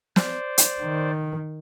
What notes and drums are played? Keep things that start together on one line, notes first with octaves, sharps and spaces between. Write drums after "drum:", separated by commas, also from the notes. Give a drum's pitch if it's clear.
C5 D5, drum: snare
drum: hi-hat
D#3